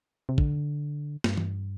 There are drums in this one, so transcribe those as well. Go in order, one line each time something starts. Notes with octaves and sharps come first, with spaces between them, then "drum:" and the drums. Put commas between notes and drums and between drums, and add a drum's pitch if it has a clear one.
C3
D3, drum: kick
G2, drum: snare
drum: tom